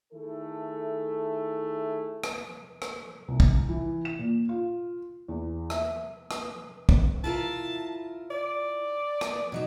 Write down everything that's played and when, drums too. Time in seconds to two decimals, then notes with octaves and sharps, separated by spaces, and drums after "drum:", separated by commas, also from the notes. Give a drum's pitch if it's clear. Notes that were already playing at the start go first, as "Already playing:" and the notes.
0.13 D#3 A3 E4 G#4 A4
2.24 drum: rim click
2.82 drum: rim click
3.28 C2
3.40 drum: kick
3.69 E3
4.05 E7
4.19 A#2
4.49 F4
5.28 E2
5.70 E5, drum: rim click
6.31 drum: rim click
6.89 drum: kick
7.24 E4 F4 A#4 A5
8.31 D5
9.21 drum: rim click
9.52 B2 F#3 D#4